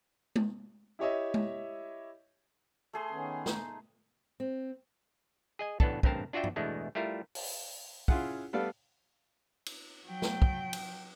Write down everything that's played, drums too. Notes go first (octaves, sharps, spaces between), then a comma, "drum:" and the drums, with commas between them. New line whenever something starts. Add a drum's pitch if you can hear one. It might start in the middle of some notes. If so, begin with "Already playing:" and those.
drum: tom G#3
E4 G4 C#5 D#5 E5
drum: tom G#3
A3 G#4 C6
D#3 B3 C#4
D#4, drum: snare
C4
G#4 D#5 G#5
A1 A2 B3 D4 A4 A5, drum: kick
A1 G2 C4 A#4 A5, drum: kick
D4 F4 F#4 D5 E5 G5
drum: tom G2
E2 B2 G#3 A3 D4
G3 A3 E4 F4 A#4
drum: open hi-hat
C#4 E4 F4 G#4 F#5, drum: kick
G3 A3 B3 A4 D5 F5
drum: cymbal
F#3 G5
drum: snare
drum: kick
drum: cymbal